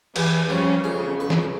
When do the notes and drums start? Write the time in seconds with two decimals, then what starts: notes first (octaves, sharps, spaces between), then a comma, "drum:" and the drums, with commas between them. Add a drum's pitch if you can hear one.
0.16 E2 E3 B3 G4 G#5, drum: cymbal
0.49 F2 G3 C#4
0.84 F2 C#3 G#4
1.20 B4
1.30 drum: snare